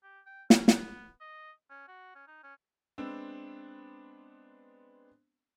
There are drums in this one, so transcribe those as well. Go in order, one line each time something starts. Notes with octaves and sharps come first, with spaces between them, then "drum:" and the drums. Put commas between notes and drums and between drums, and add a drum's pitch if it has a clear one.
G4
G5
C#4, drum: snare
B3, drum: snare
D#5
C#4
F#4
C#4
D#4
C#4
G#3 B3 C4 D4 E6